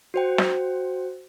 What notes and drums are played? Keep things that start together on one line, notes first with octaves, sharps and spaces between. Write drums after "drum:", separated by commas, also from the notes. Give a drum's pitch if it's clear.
F#4 C5 G5
drum: snare